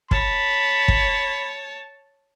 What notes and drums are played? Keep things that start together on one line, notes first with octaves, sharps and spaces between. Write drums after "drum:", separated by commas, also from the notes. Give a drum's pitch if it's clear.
C#5 A5 B5, drum: kick
drum: kick